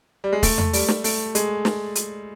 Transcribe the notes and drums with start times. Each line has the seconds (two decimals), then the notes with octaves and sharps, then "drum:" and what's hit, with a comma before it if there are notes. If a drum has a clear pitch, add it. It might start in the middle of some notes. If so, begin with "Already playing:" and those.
0.24 G3
0.33 G#3
0.43 A3, drum: kick, open hi-hat
0.58 drum: tom E2
0.73 G3, drum: open hi-hat
0.88 drum: snare
1.04 A3, drum: open hi-hat
1.35 G#3, drum: hi-hat
1.65 drum: snare
1.95 drum: hi-hat